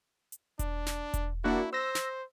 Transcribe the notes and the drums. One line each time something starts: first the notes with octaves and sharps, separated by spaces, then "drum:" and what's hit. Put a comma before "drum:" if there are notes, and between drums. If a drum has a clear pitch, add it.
drum: hi-hat
D4, drum: kick E1, hi-hat
drum: snare
drum: kick E1, hi-hat
A#3 D4 E4 F#4
C5 E6 A#6
drum: snare